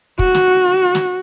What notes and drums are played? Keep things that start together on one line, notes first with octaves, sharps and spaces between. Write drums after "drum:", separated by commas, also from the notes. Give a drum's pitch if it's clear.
F#4, drum: kick
drum: snare
drum: snare